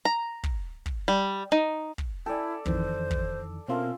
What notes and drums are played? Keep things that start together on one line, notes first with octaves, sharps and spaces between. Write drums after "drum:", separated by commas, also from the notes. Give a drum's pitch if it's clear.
A#5
drum: kick
drum: kick
G3
D#4
drum: kick
E4 A4 D5 G5 G#5
F2 D#3 E3 C5, drum: kick
drum: kick
B2 C4 C#4 F4 A4 A#4 E5